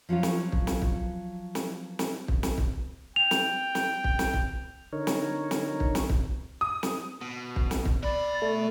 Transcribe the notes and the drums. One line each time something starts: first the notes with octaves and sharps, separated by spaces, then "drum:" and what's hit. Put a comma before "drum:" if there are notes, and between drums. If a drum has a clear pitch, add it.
F3 F#3 C#4 F4
drum: snare
drum: kick
drum: snare
drum: kick
drum: snare
drum: snare
drum: kick
drum: snare
drum: kick
G5 F7
drum: snare
drum: snare
drum: kick
drum: snare
drum: kick
D3 D#4 A#4 C#5
drum: snare
drum: snare
drum: kick
drum: snare
drum: kick
D#6
drum: snare
B2
drum: kick
drum: snare
drum: kick
B2 D5 B5
A3